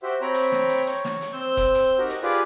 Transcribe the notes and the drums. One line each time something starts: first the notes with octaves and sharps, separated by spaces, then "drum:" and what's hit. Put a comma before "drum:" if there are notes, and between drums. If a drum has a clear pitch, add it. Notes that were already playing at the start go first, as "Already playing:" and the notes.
F#4 G4 C5 E5
C4 C#5 G5 A#5 B5
drum: hi-hat
drum: snare
drum: hi-hat
C#5, drum: hi-hat
drum: snare
drum: hi-hat
C4 C5 E6 G6
drum: kick, hi-hat
drum: hi-hat
D#4 F#4 G4 A#4
drum: hi-hat
F4 G4 G#4 B4 D5